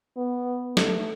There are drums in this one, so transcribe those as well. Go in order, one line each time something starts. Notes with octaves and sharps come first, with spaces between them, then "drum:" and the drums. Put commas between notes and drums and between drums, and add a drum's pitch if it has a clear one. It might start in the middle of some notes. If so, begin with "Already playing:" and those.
B3
A3, drum: snare